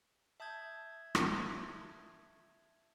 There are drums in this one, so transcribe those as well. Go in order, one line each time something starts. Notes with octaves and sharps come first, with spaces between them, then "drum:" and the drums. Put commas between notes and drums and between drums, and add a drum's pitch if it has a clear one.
E5 A5 D#6 G6 G#6
drum: rim click